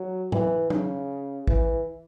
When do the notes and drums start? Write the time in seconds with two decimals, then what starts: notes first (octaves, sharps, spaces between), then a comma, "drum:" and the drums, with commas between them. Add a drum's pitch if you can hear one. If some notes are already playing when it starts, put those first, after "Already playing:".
Already playing: F#3
0.32 E3, drum: tom A2
0.70 C#3, drum: tom
1.47 E3, drum: kick A1